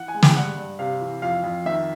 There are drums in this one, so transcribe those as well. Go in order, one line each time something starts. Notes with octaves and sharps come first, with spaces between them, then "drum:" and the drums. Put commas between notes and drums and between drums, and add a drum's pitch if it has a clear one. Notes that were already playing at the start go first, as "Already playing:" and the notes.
Already playing: E3 F#5
G#5
G#3
G5, drum: snare
G2 F#5
G2
C3 F5
E3
F2 F5
F2
D#3 E5